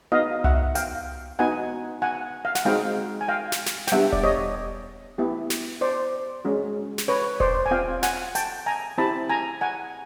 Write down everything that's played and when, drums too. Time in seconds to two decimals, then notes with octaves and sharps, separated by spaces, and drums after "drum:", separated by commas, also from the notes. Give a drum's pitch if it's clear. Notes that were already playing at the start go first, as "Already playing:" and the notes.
0.12 B3 D#4 F#4 D#5 F5
0.44 E5 F#5, drum: tom C2
0.75 F5 G5, drum: hi-hat
1.39 B3 D#4 F#4 F#5 G#5
2.02 F#5 G#5
2.45 F5
2.55 F#5, drum: snare
2.65 G#3 C4 D#4 F#4 F5 G5
3.21 G#5
3.28 F5 G5
3.52 drum: snare
3.66 drum: snare
3.87 G5, drum: snare
3.92 G3 B3 D4 G4 E5 F#5
4.12 D5, drum: kick E1
4.24 C#5 D#5
5.18 B3 E4 G4
5.50 drum: snare
5.81 C5 D5
6.45 G#3 C#4 F#4
6.98 drum: snare
7.08 B4 C#5
7.40 C5 D5, drum: kick E1
7.66 G#5
7.71 C4 F4 F5 G5
8.03 F#5 G#5, drum: snare
8.35 G5 A5, drum: hi-hat
8.66 G#5 A#5
8.98 C4 E4 G4 A5 B5
9.29 G#5 A#5
9.61 F#5 G#5